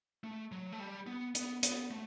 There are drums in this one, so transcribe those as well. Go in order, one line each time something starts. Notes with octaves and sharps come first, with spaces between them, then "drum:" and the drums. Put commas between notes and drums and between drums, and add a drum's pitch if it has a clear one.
A3
F#3
A3
G3
B3
B3, drum: hi-hat
B3, drum: hi-hat
A3